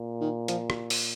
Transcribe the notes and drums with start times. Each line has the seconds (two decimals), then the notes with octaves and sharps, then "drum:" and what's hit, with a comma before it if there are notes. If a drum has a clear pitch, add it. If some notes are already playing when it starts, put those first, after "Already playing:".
Already playing: A#2
0.21 D#3
0.48 F3, drum: hi-hat
0.70 drum: rim click
0.90 drum: open hi-hat